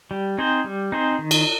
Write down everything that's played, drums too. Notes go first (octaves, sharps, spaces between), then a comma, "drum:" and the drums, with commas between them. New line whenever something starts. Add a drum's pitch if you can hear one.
G3
C4 D#4 G#4 C5
G3
C4 D#4 G#4 C5
D#3
drum: cymbal